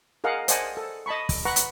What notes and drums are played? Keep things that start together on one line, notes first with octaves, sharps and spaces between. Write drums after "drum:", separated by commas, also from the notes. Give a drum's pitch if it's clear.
G#4 A#4 D#5 F5 F#5
C5 D5 D#5 F#5 G#5 A5, drum: hi-hat
A4
D#5 A5 B5 C#6
drum: kick, open hi-hat
B4 F#5 A#5 C#6
drum: hi-hat